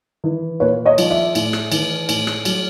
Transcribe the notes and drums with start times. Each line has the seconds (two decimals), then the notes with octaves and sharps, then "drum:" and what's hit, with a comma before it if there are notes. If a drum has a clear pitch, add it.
0.24 E3
0.60 A#2 B4 C#5
0.85 C#5 D#5
0.98 F3, drum: cymbal
1.11 D5 E5
1.35 A2, drum: cymbal
1.53 drum: rim click
1.72 E3, drum: cymbal
2.09 A2, drum: cymbal
2.27 drum: rim click
2.45 F#3, drum: cymbal